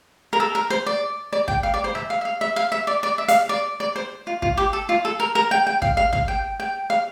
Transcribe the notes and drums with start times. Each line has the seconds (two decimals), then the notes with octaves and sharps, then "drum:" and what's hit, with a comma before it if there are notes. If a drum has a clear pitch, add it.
0.33 A#4
0.40 A4
0.55 A#4
0.70 C5
0.86 D5
1.33 D5
1.48 G5, drum: kick
1.63 F5
1.74 D5
1.84 C5
1.95 E5, drum: rim click
2.10 F5
2.21 E5
2.25 F5
2.41 E5
2.56 F5
2.72 E5
2.87 D5
3.03 D5
3.18 E5
3.28 F5, drum: hi-hat
3.49 D5
3.80 D5
3.96 C5
4.27 F4
4.42 F4, drum: kick
4.57 G4
4.73 A4
4.89 F4
5.05 A4
5.20 A#4
5.35 A#4
5.51 G5
5.67 G5
5.82 F5, drum: kick
5.97 F5
6.13 F5, drum: kick
6.28 G5
6.60 G5
6.90 F5